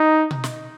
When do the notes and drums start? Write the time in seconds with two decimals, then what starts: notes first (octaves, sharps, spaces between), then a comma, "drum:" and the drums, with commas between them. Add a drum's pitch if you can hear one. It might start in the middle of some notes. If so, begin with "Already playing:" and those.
Already playing: D#4
0.31 drum: tom B2
0.44 drum: snare